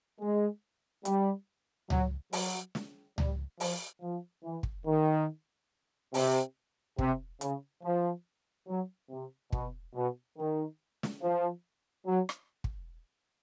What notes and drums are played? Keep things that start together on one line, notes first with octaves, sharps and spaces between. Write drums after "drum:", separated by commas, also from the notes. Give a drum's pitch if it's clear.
G#3
G3, drum: hi-hat
F#3, drum: tom C#2
F#3, drum: open hi-hat
drum: snare
G3, drum: tom C#2
F3, drum: open hi-hat
F3
E3
drum: kick
D#3
C3, drum: open hi-hat
C3, drum: kick
C#3, drum: hi-hat
F3
F#3
C3
B2, drum: kick
B2
D#3
drum: snare
F3
F#3
drum: rim click
drum: kick